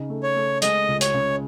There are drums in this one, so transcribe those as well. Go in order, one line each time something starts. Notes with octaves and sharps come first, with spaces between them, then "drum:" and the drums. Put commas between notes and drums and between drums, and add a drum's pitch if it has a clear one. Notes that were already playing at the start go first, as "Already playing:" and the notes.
Already playing: C#3 D#4
A3
C#5
A3
G#3 D#5, drum: hi-hat
C#2
C#5, drum: hi-hat
C#3